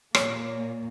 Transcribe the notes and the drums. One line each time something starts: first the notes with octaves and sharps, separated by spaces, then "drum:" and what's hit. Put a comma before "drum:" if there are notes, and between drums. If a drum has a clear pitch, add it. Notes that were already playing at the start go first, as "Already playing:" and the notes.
A#2 A#3 C#5, drum: rim click